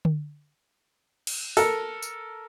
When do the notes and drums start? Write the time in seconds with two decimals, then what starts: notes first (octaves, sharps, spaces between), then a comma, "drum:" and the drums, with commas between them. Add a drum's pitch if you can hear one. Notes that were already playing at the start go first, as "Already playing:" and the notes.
0.05 drum: tom D3
1.27 drum: cymbal
1.57 A4 A#4, drum: open hi-hat
2.02 drum: tambourine